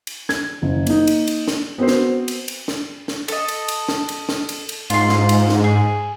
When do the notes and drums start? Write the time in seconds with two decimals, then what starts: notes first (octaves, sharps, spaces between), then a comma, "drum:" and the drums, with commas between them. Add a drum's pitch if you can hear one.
0.07 drum: cymbal
0.29 G#6, drum: snare
0.62 F#1
0.87 A#3 D#4, drum: cymbal
1.07 drum: cymbal
1.27 drum: cymbal
1.48 drum: snare
1.78 B3 C4 F#4 A#4 C5
1.88 drum: snare
2.28 drum: cymbal
2.48 drum: cymbal
2.68 drum: snare
3.08 drum: snare
3.28 A4 D#5, drum: cymbal
3.48 drum: cymbal
3.68 drum: cymbal
3.89 drum: snare
4.09 drum: cymbal
4.29 drum: snare
4.49 drum: cymbal
4.69 drum: cymbal
4.90 G#2 F4 C6, drum: cymbal
5.09 drum: snare
5.29 drum: cymbal
5.49 drum: snare
5.64 G#4